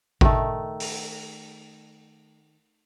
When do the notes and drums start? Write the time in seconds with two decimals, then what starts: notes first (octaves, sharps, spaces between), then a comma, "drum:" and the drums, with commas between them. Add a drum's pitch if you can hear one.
0.21 D#3 A3, drum: kick G#1
0.80 drum: open hi-hat